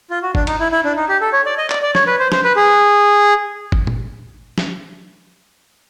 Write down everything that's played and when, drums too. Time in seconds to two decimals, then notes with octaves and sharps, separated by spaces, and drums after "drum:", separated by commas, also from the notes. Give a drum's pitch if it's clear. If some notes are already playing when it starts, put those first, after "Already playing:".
0.10 F4
0.23 F#4
0.35 D4, drum: kick
0.47 D#4, drum: cymbal
0.60 E4
0.72 E4
0.84 D4
0.96 D#4
1.09 G4
1.21 A4
1.33 C#5
1.46 D5
1.58 D#5
1.70 D5, drum: clap
1.82 D5
1.95 C#5, drum: snare
2.07 B4
2.19 C5
2.32 C5, drum: snare
2.44 B4
2.56 G#4
3.72 drum: kick
3.87 drum: tom A#2
4.58 drum: snare